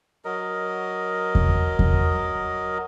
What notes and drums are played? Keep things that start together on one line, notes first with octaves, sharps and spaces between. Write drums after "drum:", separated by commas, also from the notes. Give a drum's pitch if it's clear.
F#3 A#4 D#5
drum: kick E2
drum: kick E2